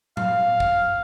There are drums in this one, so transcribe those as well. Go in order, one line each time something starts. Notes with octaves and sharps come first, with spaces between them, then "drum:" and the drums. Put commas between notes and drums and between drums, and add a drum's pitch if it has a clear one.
F5, drum: tom A2
drum: kick